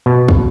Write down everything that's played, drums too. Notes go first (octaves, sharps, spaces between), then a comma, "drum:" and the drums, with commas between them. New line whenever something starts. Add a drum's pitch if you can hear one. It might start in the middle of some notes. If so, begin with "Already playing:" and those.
B2
drum: kick